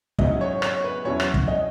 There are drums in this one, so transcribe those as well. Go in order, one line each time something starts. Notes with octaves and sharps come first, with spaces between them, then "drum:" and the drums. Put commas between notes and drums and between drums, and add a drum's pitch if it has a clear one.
G#2 F#3 C#4 E4 D#5, drum: kick
C#5
C#5, drum: rim click
B4
E2 B2 F#3 C#4 E4 C#5
drum: rim click
drum: kick
D#5